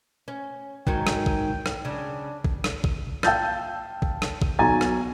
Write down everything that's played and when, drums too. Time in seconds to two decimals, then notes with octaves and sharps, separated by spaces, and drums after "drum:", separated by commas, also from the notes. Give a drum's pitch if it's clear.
0.28 C#4
0.87 G#2 D#3 F#3 G5, drum: kick
1.07 drum: rim click
1.26 drum: kick
1.66 drum: rim click
1.85 C#3 D4
2.44 drum: kick
2.64 drum: rim click
2.84 drum: kick
3.23 F5 G5 A5 E6 G6 A6, drum: rim click
4.02 drum: kick
4.22 drum: rim click
4.42 drum: kick
4.59 B1 F#3 G#5 A#5 A6
4.81 drum: rim click